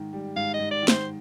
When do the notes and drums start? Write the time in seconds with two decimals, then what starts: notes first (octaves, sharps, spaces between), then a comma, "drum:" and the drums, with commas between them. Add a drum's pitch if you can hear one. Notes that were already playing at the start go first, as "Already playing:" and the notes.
Already playing: G#2 D#3
0.13 G3
0.36 G#2 F5
0.54 D#5
0.60 G#2
0.71 D5
0.83 D#3
0.88 C5, drum: snare